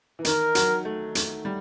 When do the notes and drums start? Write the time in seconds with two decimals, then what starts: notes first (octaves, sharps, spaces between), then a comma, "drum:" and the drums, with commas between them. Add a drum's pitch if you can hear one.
0.19 E3
0.25 D#3 A#4, drum: hi-hat
0.55 F#3, drum: hi-hat
0.85 A3
1.15 A3, drum: hi-hat
1.45 G3